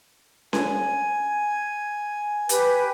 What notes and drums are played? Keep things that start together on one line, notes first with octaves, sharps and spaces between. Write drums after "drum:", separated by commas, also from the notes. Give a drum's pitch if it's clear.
G#5, drum: snare C#4
G4 B4, drum: hi-hat